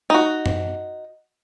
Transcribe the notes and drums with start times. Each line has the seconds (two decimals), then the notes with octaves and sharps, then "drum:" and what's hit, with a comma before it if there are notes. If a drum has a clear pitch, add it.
0.10 D#4 F#4
0.46 drum: tom F#2